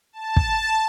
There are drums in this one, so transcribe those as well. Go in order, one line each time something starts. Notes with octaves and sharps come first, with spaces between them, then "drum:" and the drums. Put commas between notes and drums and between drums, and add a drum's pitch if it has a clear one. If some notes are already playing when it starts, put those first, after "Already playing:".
A5
drum: kick